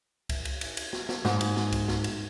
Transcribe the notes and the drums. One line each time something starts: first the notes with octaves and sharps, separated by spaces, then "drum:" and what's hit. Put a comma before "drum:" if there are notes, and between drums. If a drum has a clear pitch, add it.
drum: kick C2, cymbal
drum: cymbal
drum: cymbal
drum: cymbal
drum: snare
drum: snare
G#2, drum: snare
drum: cymbal
drum: snare
drum: kick C2, cymbal
drum: snare
drum: cymbal